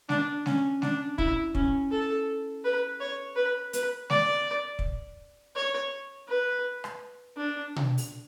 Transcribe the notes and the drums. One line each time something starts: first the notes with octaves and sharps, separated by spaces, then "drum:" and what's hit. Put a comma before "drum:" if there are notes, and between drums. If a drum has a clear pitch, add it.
D4, drum: snare
C#4, drum: snare
D4, drum: snare
E4, drum: kick
C#4, drum: kick
A4
B4
C#5
B4
B4, drum: hi-hat
D5, drum: snare
drum: kick
C#5
B4
drum: rim click
D4
drum: tom B2
drum: open hi-hat